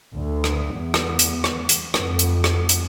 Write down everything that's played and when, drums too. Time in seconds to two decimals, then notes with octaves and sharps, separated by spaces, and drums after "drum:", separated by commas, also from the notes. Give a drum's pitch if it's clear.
0.13 D2
0.44 drum: rim click
0.75 E2
0.94 drum: rim click
1.19 drum: hi-hat
1.44 drum: rim click
1.69 drum: hi-hat
1.94 F2, drum: rim click
2.19 drum: hi-hat
2.44 drum: rim click
2.69 drum: hi-hat